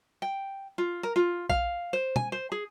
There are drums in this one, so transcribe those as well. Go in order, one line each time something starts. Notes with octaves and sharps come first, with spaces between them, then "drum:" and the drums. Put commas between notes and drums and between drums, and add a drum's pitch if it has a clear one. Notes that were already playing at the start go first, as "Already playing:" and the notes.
G5
F4
A#4
F4
F5, drum: kick
C5
G#5, drum: tom
C5
G#4